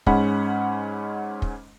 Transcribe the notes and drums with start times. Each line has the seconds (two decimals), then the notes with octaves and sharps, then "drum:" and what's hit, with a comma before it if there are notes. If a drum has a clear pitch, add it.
0.06 G#2 G#3 C#4 F#5 B5, drum: kick
1.42 drum: kick